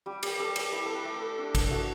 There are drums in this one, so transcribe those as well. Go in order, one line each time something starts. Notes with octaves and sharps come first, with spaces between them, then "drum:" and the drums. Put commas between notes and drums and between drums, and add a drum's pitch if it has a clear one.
G3 G4
G4, drum: cymbal
G3 A4
G4, drum: cymbal
E4
A4
B4
A3
A4
D4 G4
A4, drum: kick, cymbal
A3 F#4